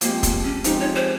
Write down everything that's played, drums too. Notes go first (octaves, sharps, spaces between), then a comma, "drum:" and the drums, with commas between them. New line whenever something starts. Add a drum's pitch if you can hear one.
F3 G#3 A#3 C4 G4, drum: hi-hat
A#3, drum: kick, hi-hat
C#4
F3 G#3 C4 D#4 G4, drum: hi-hat
C#5
C5